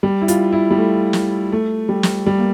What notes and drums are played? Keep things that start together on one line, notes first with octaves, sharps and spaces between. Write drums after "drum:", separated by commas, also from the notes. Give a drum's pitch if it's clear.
G3
E4
F4, drum: hi-hat
E4
G3
A3
drum: snare
A3
G3
drum: snare
G3
A#3